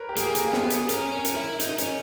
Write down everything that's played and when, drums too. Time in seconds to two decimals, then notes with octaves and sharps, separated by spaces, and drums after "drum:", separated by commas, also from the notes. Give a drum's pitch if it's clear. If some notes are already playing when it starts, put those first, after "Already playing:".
Already playing: A#4 B4 C#5
0.09 G4
0.16 A#3 G#4, drum: hi-hat
0.28 A#4
0.35 G#4, drum: hi-hat
0.53 B3 G4, drum: snare
0.70 G#4, drum: hi-hat
0.89 C#4 A#4, drum: hi-hat
1.12 C#4
1.25 A#4, drum: hi-hat
1.36 E4
1.60 D#4, drum: hi-hat
1.78 C#4, drum: hi-hat